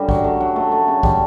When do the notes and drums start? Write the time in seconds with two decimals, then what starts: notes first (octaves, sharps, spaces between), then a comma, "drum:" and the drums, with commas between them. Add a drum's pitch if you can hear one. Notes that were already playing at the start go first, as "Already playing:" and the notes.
Already playing: F#2 D3 G3
0.09 F#3, drum: kick B1
0.24 A3
0.40 F#3
0.56 A3
0.72 A3
0.88 C#3
1.03 G3, drum: kick B1